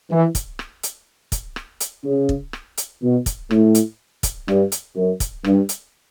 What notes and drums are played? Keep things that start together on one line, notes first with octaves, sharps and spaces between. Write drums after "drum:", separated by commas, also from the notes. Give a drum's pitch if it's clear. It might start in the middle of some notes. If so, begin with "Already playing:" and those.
E3
drum: kick, hi-hat
drum: rim click
drum: hi-hat
drum: kick, hi-hat
drum: rim click
drum: hi-hat
C#3
drum: kick
drum: rim click
drum: hi-hat
B2
drum: kick, hi-hat
A2, drum: rim click
drum: hi-hat
drum: kick, hi-hat
G2, drum: rim click
drum: hi-hat
F#2
drum: kick, hi-hat
G2, drum: rim click
drum: hi-hat